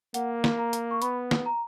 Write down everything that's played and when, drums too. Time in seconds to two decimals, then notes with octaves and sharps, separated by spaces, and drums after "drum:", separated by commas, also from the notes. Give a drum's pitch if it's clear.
0.14 A#3 F#5, drum: hi-hat
0.44 drum: snare
0.58 A#5
0.73 drum: hi-hat
0.91 C#6
1.02 B3 B5, drum: hi-hat
1.31 drum: snare
1.46 A#5